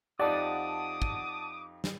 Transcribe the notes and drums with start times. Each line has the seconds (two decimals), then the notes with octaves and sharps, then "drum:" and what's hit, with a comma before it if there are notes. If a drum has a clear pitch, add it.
0.19 F2 D#4 G4 D5 F#5 A5 D6 D#6
1.02 drum: kick
1.84 drum: snare